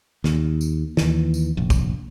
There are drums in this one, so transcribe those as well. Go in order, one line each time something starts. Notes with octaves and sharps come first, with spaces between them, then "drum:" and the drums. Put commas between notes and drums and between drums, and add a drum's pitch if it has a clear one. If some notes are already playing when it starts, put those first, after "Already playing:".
D#2, drum: snare
drum: tambourine
D#2 E3, drum: snare
drum: tambourine
F1 A#1
drum: kick A#1, tambourine